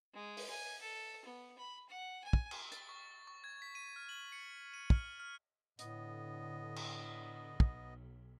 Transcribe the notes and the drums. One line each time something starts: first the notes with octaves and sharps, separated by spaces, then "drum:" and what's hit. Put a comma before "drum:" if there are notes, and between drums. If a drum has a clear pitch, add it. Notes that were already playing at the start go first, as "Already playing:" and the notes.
G#3
drum: open hi-hat
G#5
A4
B3
B5
F#5
G#5
drum: kick
drum: cymbal
A6, drum: hi-hat
C#6
C#6
G#6
B6
D#7
F6
F#7
C#7
D#7
F6, drum: kick
F6
A2 D3 B3 D#5, drum: hi-hat
drum: cymbal
B1, drum: kick